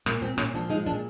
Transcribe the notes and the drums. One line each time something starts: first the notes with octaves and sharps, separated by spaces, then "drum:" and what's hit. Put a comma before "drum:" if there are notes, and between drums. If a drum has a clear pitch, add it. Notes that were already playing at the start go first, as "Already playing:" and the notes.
A#2 A#3, drum: rim click
A#2 C4
A#2 C#4, drum: rim click
F3 D4
G#3 D#4
A#2 D4